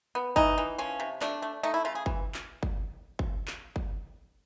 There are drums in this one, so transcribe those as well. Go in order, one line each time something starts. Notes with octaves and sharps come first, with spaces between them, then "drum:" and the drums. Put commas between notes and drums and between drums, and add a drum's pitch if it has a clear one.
B3
E3 D#4, drum: kick G1
E3
F3 C#4
C3
A3 D4, drum: clap
A3
A3 D#4
E4
C#3 F4
G#4
E3, drum: kick G1
drum: clap
drum: kick G1
drum: kick G1
drum: clap
drum: kick G1